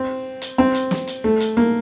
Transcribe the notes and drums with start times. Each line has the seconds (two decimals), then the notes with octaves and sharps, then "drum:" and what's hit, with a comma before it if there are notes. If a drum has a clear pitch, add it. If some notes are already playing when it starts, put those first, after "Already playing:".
Already playing: C4
0.42 drum: hi-hat
0.58 C4
0.74 drum: hi-hat
0.91 drum: snare
1.07 drum: hi-hat
1.24 A3
1.40 drum: hi-hat
1.57 A#3